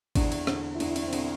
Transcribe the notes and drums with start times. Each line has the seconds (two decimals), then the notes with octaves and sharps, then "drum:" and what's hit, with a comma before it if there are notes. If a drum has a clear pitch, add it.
0.15 E2 D4, drum: kick G#1, cymbal
0.32 drum: cymbal
0.47 D3 D4, drum: rim click
0.75 E4
0.80 E2 D4, drum: cymbal
0.90 E4
0.96 D4, drum: cymbal
1.07 C4
1.13 D3 D4, drum: cymbal